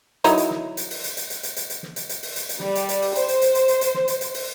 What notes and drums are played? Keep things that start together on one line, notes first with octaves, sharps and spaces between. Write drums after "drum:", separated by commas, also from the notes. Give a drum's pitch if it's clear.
F#3 D#4 E4, drum: hi-hat
drum: hi-hat
drum: snare
drum: hi-hat
drum: open hi-hat
drum: hi-hat
drum: hi-hat
drum: hi-hat
drum: hi-hat
drum: hi-hat
drum: hi-hat
drum: snare
drum: hi-hat
drum: hi-hat
drum: open hi-hat
drum: hi-hat
drum: hi-hat
G3, drum: snare
drum: hi-hat
drum: hi-hat
drum: open hi-hat
C5, drum: hi-hat
drum: hi-hat
drum: hi-hat
drum: hi-hat
drum: hi-hat
drum: hi-hat
drum: snare
drum: hi-hat
drum: hi-hat
drum: open hi-hat